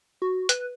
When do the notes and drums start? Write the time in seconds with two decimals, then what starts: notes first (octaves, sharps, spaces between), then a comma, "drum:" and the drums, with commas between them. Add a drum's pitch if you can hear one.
0.22 F#4
0.49 B4, drum: hi-hat